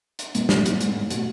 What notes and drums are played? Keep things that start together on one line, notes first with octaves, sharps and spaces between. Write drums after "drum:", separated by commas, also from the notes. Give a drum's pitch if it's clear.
drum: hi-hat
A#2, drum: hi-hat
A2, drum: snare
A#2
A2, drum: hi-hat
G#2, drum: hi-hat
A2
A2
B2, drum: hi-hat